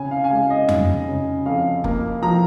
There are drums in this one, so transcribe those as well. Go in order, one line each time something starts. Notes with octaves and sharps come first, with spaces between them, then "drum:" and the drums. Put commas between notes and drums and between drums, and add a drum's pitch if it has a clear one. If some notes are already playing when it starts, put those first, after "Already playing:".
Already playing: C#3 G#5
F5
G#5
G#3 F5
D#5
D#4, drum: tom F2
C#3
F2 F5
A#3, drum: kick F1
F3 A#5